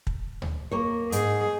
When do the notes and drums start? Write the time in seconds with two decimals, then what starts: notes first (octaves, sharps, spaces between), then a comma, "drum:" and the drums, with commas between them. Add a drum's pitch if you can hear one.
0.07 drum: kick
0.42 drum: tom D2
0.71 A#3 C#5
1.12 G#2 G#4, drum: hi-hat